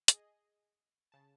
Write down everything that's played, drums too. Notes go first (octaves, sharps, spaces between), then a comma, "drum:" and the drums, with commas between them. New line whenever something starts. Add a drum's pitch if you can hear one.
G#4 D#5, drum: hi-hat
C#3 A5